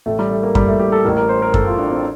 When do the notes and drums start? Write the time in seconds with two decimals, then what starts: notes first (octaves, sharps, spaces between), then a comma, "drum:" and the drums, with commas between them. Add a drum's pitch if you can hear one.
0.06 A1 A2 A3
0.19 G3
0.31 A3
0.43 A#3
0.55 G3, drum: kick F#2
0.68 A3
0.79 G4
0.92 A4
1.05 A1 A2 A#4
1.17 A#4
1.29 C5
1.42 A#4
1.54 A4, drum: kick F#2
1.67 F4
1.78 D4
1.91 C4